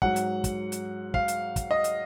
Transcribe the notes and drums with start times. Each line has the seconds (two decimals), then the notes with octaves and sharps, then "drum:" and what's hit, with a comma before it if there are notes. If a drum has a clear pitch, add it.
0.02 G#2 F#3 F#5, drum: kick
0.16 drum: hi-hat
0.44 drum: kick, hi-hat
0.72 drum: hi-hat
1.14 F5, drum: kick
1.28 drum: hi-hat
1.56 drum: kick, hi-hat
1.71 D#5
1.84 drum: hi-hat